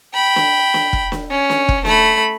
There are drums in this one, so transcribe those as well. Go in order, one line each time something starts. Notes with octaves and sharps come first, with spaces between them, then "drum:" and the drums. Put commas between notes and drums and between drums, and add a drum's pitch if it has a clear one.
G5 B5
drum: snare
drum: snare
drum: kick F1
drum: snare
C#4
drum: snare
drum: kick F1
A3 B5, drum: snare